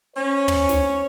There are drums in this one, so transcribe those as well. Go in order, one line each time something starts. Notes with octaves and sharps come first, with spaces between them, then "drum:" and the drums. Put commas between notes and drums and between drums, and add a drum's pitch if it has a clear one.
C#4 C5 C#5
drum: tom
drum: snare